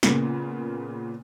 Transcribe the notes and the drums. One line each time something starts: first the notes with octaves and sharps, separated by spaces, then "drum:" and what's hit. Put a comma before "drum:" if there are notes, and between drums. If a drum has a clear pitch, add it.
A#2 C#3 A#3 B3, drum: snare